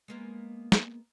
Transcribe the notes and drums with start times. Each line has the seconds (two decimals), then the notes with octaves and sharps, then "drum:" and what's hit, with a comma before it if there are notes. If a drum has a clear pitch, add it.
0.08 G#3 A#3 B3
0.72 drum: snare